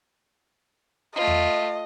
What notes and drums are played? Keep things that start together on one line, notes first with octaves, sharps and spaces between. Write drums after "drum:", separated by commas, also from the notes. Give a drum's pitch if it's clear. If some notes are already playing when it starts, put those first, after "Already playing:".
A3 F4 D#5
drum: tom E2